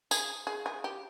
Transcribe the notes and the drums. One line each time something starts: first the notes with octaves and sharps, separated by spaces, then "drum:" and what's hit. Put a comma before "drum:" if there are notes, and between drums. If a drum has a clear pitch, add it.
G#4, drum: tambourine
G#4
G#4
G4